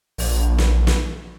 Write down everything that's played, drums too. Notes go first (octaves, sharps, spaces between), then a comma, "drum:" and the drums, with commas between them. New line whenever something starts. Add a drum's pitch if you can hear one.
A#1, drum: open hi-hat
drum: snare
drum: snare